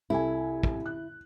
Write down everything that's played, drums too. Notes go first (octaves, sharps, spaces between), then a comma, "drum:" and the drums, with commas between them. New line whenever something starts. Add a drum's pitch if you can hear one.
C2 E4 A4 G#5
drum: kick
F#6